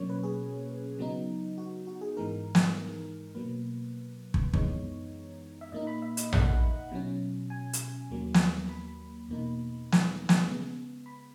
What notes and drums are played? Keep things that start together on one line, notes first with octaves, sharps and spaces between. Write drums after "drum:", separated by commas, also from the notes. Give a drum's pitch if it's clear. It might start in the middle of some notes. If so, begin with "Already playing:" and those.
Already playing: B2 F#3 A#3 C#4 C#5
B4
G#4
C#3 F#3 B3 D#4
F#4
F#4
G#4
G#2 E3 G#3 D#4 A#4
drum: snare
B2 F#3 A#3 B4
drum: kick
F#2 E3 G#3 B3 D#4 C#5, drum: kick
E5
A#2 A#3 D#4 D#5
B5
E5
D#5, drum: hi-hat
F#5, drum: tom A#1
B2 F#3 C#4
G#5
drum: hi-hat
D#2 D#3 F#3 A#3
drum: snare
B5
E2 B2 A#3 D#4
drum: snare
drum: snare
C#3 G#3 B3
B5